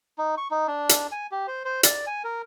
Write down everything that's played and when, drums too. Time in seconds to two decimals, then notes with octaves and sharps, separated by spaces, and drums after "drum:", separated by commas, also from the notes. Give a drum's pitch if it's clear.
0.18 D#4
0.37 C#6
0.51 D#4
0.68 D4
0.89 drum: hi-hat
1.12 G#5
1.31 G4
1.47 C5
1.65 C5
1.83 D5, drum: hi-hat
2.07 G#5
2.24 A#4